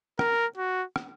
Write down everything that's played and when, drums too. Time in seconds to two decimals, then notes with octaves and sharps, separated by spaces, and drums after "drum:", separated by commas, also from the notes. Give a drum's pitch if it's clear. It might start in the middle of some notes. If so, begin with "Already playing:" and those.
0.19 A#4, drum: rim click
0.57 F#4
0.96 drum: rim click